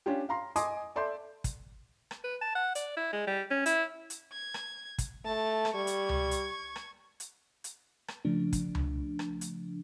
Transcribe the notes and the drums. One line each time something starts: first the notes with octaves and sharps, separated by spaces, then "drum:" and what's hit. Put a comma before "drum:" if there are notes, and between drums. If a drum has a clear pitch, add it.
C#4 D4 F4 G4
F5 A#5 C6
D#5 G#5 C6 D6 D#6, drum: hi-hat
A4 D5 E5 C6 G6
drum: kick, hi-hat
drum: rim click
B4
A5
F#5
D5, drum: hi-hat
E4
G#3
G3
C#4
E4, drum: hi-hat
drum: hi-hat
G#6
drum: rim click
drum: kick, hi-hat
A3 A5
drum: rim click
G3 C#6 G#6
drum: hi-hat
drum: tom C#2
drum: hi-hat
drum: rim click
drum: hi-hat
drum: hi-hat
drum: rim click
C#3 F3 A3 D4
drum: kick, hi-hat
drum: tom C#2
drum: rim click
drum: hi-hat